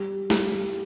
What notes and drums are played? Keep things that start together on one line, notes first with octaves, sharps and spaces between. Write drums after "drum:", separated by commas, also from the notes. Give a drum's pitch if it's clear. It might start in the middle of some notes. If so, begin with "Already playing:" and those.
Already playing: G3
G3, drum: snare